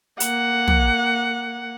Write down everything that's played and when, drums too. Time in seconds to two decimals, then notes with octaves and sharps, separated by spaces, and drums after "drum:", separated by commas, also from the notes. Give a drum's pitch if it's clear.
0.20 A#3 F#5, drum: hi-hat
0.68 drum: tom